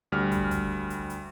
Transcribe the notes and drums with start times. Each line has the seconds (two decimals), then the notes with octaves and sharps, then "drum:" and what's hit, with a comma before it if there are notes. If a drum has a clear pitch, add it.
0.12 D2 G3 F6
0.32 drum: kick, hi-hat
0.51 drum: kick, hi-hat
0.90 drum: hi-hat
1.10 drum: hi-hat